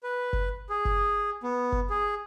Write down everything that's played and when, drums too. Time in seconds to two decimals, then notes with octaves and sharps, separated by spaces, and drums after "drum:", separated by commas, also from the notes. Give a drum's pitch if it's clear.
0.03 B4
0.33 drum: kick F#1
0.70 G#4
0.85 drum: kick F#1
1.43 B3
1.72 drum: kick F#1
1.90 G#4